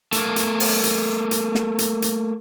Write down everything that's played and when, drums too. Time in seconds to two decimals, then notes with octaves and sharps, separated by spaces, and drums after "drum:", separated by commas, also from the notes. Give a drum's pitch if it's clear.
0.12 A3 A#3, drum: hi-hat
0.36 drum: hi-hat
0.60 drum: open hi-hat
0.84 drum: hi-hat
1.31 drum: hi-hat
1.55 drum: snare
1.79 drum: hi-hat
2.02 drum: hi-hat